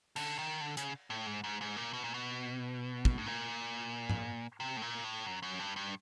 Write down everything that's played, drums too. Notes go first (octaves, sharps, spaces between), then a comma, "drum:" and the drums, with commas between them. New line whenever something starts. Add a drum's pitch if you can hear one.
D3, drum: cymbal
D#3
D3
C#3, drum: hi-hat
A2
G#2
G#2
G#2
A#2
B2
A#2
B2
drum: kick
A2
A#2
drum: tom G#2
C3
A2
A#2
A2
F#2
F#2
G2
G2